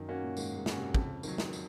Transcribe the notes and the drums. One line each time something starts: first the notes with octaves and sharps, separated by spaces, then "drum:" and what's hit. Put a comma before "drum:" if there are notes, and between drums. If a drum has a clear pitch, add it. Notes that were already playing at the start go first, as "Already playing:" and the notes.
Already playing: F#2 D#3
A#3 C#4 F#4
A#2
G#2 D#3, drum: tambourine
G#2
A#3 C#4 F#4, drum: snare
C3
F2 C#3, drum: kick
D#3 F#3, drum: tambourine
drum: snare
drum: tambourine